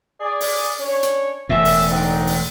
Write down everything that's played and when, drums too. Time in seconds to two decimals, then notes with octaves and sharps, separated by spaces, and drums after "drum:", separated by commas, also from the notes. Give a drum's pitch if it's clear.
0.20 G#4 D5
0.41 drum: open hi-hat
0.80 C#4 D4 C#5
1.03 drum: hi-hat
1.49 E1 A2 E5
1.65 drum: open hi-hat
1.88 D3 C4 D#4
2.27 drum: open hi-hat